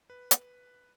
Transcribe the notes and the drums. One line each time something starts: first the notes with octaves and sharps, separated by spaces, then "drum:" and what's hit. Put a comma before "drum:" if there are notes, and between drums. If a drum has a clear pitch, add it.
B4
drum: hi-hat